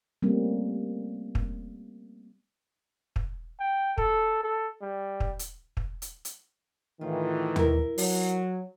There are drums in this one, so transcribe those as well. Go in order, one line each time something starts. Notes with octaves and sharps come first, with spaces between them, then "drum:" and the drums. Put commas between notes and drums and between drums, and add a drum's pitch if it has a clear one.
G3 A3 A#3 C4 C#4
drum: kick
drum: kick
G5
A4, drum: kick
A4
G3
drum: kick
drum: hi-hat
drum: kick
drum: hi-hat
drum: hi-hat
A2 D#3 E3 F4
E4 A#4, drum: tom
F#3, drum: open hi-hat